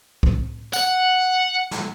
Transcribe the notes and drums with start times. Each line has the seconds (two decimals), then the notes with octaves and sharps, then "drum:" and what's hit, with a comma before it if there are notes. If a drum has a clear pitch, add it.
0.23 drum: kick
0.73 F#5, drum: tambourine
1.71 drum: snare